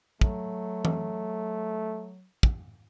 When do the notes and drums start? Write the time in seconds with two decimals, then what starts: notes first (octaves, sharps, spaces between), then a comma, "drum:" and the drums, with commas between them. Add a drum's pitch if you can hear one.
0.21 F#3 A3, drum: kick
0.85 drum: tom E3
2.43 drum: kick